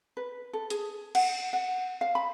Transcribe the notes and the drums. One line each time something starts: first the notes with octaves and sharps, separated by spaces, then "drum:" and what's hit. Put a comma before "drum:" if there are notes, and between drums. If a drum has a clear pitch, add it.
B4
A4
G#4, drum: hi-hat
F#5, drum: cymbal
F#5
F5
B5